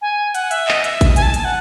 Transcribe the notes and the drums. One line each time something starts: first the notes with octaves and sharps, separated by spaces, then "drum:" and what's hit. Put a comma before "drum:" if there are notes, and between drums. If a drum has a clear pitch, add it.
G#5
F#5, drum: hi-hat
E5, drum: hi-hat
D#5, drum: clap
E5, drum: hi-hat
drum: kick A1, hi-hat
G#5, drum: hi-hat
A5
drum: hi-hat
F#5